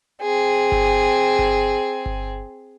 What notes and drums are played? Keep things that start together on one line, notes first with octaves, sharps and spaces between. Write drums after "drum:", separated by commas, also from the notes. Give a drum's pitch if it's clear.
C4 G#4
drum: kick G1
drum: kick G1
drum: kick G1